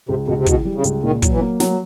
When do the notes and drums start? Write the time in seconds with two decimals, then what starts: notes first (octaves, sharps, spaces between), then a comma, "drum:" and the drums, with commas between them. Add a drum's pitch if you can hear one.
0.09 C#2 C3
0.28 C#2 B2
0.37 C3
0.46 B2 E3, drum: kick, hi-hat
0.65 G3
0.75 C#3
0.84 C#2, drum: hi-hat
1.03 A#2 D#3
1.22 F#3, drum: kick, hi-hat
1.32 E3
1.41 A#3
1.60 F#3, drum: snare